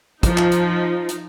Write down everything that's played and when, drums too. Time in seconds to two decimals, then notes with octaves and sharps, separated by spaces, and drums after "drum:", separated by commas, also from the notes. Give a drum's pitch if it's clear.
0.23 F3 D#4, drum: kick, hi-hat
0.37 drum: clap
0.52 drum: hi-hat
1.09 drum: hi-hat